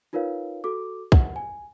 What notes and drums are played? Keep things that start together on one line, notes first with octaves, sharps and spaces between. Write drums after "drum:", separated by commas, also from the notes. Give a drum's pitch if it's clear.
D#4 F4 A#4 B4 C#5 F5
F#4 A4 D6
F#5, drum: kick
G#5